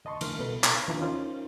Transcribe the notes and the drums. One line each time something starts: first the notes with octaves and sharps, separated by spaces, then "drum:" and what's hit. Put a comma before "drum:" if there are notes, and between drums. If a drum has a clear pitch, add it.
D2 D#5 A5 C6 C#6
D2 E3 A#4 F6, drum: cymbal
C2 B2 A4 B4 B5
drum: clap
D#2 E3 D4 F4
C#4 D#4 F4 A#4 C5